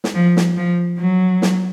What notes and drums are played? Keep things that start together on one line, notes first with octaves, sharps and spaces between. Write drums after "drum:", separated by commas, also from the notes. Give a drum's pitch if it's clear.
drum: snare
F3
drum: snare
F3
F#3
drum: snare